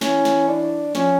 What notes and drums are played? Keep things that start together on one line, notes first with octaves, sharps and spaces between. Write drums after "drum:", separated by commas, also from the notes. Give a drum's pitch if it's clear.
E3 C#4, drum: snare
drum: snare
D4
F3 C#4, drum: snare